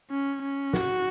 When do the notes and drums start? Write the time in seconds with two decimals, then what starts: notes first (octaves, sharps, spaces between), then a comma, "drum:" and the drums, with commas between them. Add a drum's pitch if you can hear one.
0.11 C#4
0.43 C#4
0.73 F#4, drum: snare